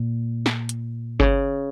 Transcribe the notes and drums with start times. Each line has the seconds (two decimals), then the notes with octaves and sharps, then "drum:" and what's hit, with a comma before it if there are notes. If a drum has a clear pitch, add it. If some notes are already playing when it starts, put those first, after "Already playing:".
Already playing: A#2
0.46 drum: snare
0.69 drum: hi-hat
1.20 C#3, drum: kick G1